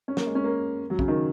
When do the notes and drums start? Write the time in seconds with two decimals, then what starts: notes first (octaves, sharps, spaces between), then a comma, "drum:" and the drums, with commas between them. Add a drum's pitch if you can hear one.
0.08 C#4
0.17 A#3, drum: snare
0.26 G#3
0.35 C#4
0.44 A#3
0.90 F#3
0.99 C#3, drum: kick
1.08 D#3